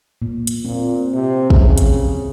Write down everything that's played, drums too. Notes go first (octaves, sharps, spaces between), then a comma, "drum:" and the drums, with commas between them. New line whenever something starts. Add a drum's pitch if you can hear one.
A#2
drum: hi-hat
A#2 C4
C3
C#3, drum: kick
drum: hi-hat